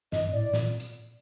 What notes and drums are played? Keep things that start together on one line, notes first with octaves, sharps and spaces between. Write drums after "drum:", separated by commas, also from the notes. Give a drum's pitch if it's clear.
G2 D#5, drum: snare
A2 D5
A#2, drum: snare
drum: hi-hat